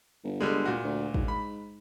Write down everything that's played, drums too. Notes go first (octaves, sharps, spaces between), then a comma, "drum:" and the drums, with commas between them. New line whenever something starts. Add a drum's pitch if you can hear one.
G1
D3 G3 G#3
A#2 F#4
D2
G#2, drum: kick A1
B5